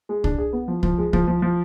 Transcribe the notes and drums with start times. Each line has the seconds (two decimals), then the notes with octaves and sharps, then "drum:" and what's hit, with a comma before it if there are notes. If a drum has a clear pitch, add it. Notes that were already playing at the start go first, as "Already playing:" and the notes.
0.09 G#3
0.24 D4, drum: kick
0.38 G#4
0.53 B3
0.68 F3
0.83 F3, drum: kick
0.98 G#3
1.13 F3, drum: kick
1.28 F3
1.42 F3